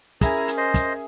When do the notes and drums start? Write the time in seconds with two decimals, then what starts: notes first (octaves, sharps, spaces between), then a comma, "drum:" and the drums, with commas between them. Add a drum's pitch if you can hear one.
0.21 C#4 E4 G#4 A#4 E5 G#5 A#5, drum: kick, hi-hat
0.48 drum: hi-hat
0.57 C5 D#5
0.74 drum: kick, hi-hat